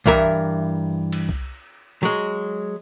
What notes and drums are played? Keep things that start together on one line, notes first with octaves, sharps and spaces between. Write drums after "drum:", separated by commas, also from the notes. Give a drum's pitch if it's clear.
G2 E3 A#4 E5, drum: kick C2
drum: cymbal
drum: kick C2
F#3 G#3